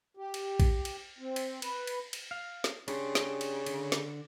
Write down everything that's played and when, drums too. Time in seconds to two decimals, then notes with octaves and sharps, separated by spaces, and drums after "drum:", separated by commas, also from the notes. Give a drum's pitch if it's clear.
0.17 G4
0.34 drum: cymbal
0.60 drum: kick A1, cymbal
0.85 drum: cymbal
1.19 C4
1.36 drum: cymbal
1.62 B4, drum: cymbal
1.87 drum: cymbal
2.13 drum: cymbal
2.31 F5
2.64 drum: snare
2.88 C#3 D4 G4 C6, drum: cymbal
3.15 drum: snare
3.41 drum: cymbal
3.66 D3, drum: cymbal
3.92 drum: snare